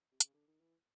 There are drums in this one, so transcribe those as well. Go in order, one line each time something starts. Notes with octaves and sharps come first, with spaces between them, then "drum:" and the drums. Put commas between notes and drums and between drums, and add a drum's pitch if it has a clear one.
C3
C#3, drum: hi-hat
D3
D#3
E3